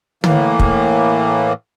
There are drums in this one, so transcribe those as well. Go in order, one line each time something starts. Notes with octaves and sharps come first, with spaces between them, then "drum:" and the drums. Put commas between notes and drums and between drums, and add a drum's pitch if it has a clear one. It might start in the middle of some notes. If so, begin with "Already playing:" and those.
A2 E3 A#3, drum: tom
drum: kick